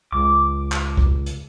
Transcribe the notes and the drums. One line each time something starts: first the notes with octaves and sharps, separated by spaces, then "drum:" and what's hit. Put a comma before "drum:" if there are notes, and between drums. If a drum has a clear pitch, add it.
C#2 D6
drum: clap
drum: kick
drum: hi-hat